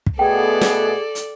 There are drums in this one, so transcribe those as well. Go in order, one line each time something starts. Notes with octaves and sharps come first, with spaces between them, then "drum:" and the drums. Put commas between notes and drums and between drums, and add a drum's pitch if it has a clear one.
drum: kick
B2 A3 B3 G#4 A4 D5 G5
drum: snare
drum: hi-hat